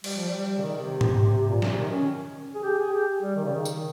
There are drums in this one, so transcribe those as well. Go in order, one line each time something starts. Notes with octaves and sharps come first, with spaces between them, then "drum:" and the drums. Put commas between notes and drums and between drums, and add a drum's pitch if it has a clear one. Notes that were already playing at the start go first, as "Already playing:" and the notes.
G3, drum: cymbal
F3
G3
C#3
D#3
C3
drum: tom G#2
A#2
C3, drum: snare
D#3
C#4
G#4
G4
G#4
G4
G3
D#3
C#3
D#3
drum: tambourine